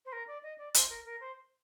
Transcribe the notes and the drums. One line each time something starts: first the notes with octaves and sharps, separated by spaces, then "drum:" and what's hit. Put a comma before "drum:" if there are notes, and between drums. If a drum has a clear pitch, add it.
C5
A#4
D5
D#5
D5
C5, drum: hi-hat
A#4
A#4
C5